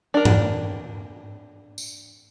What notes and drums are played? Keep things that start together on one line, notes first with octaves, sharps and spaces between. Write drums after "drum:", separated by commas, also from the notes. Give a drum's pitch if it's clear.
D4 A#4
drum: tom G2
drum: tambourine